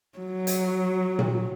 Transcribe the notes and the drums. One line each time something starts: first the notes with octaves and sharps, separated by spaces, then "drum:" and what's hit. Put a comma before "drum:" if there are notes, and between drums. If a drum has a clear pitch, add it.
F#3
drum: hi-hat
drum: tom A#2